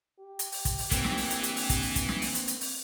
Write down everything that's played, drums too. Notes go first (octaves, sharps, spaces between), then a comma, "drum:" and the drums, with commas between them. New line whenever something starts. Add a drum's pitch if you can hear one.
G4
drum: hi-hat
drum: open hi-hat
drum: kick, hi-hat
drum: open hi-hat
E3 A#3 C4, drum: kick, hi-hat
drum: snare
drum: open hi-hat
drum: hi-hat
drum: hi-hat
drum: open hi-hat
drum: kick, hi-hat
drum: open hi-hat
drum: kick, hi-hat
drum: snare
drum: open hi-hat
drum: hi-hat
drum: hi-hat
drum: open hi-hat